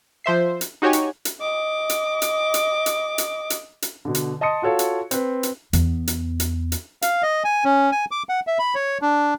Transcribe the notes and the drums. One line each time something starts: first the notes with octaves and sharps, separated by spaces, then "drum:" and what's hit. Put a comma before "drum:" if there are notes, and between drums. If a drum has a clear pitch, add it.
F3 C5 E5 C7
drum: hi-hat
D#4 F#4 G4 C#5 G#5 C#6
drum: hi-hat
drum: hi-hat
D#5 D6
drum: hi-hat
drum: hi-hat
drum: hi-hat
drum: hi-hat
drum: hi-hat
drum: hi-hat
drum: hi-hat
B2 D3
drum: hi-hat
D#5 A5 C6 D#6 C#7
F4 F#4 A4 C#5 F5
drum: hi-hat
C4 B4, drum: hi-hat
drum: hi-hat
E2 B3, drum: hi-hat
drum: hi-hat
drum: hi-hat
drum: hi-hat
F5, drum: hi-hat
D#5
G#5
C#4
G#5
D6
F#5
E5
B5
C#5
D4